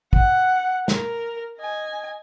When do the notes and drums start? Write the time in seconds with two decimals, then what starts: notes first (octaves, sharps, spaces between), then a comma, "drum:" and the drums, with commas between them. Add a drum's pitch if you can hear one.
0.13 F#5, drum: kick
0.88 A#4, drum: snare
1.58 D#5 G#5